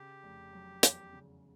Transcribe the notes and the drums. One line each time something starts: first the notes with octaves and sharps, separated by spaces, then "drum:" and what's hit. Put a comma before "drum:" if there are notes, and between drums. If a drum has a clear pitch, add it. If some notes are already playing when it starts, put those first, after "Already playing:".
Already playing: C#3 G4
F1
F#3
E2, drum: hi-hat
C#3